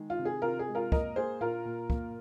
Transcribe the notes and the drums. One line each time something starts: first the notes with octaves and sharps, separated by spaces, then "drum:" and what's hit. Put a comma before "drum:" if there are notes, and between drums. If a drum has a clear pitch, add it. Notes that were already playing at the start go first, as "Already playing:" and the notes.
Already playing: D#3 G#3
F4
C3
G#4
C3 F4 A#4
G#4
G#3
F4 A#4
A#3 A#4 D#5, drum: kick
A#3 G#4 C5
A#2 F4 A#4
A#2
A#3, drum: kick